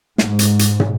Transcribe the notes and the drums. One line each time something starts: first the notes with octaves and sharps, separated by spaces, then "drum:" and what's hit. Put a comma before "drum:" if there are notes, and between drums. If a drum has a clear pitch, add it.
G#2, drum: snare
drum: hi-hat
drum: hi-hat
drum: tom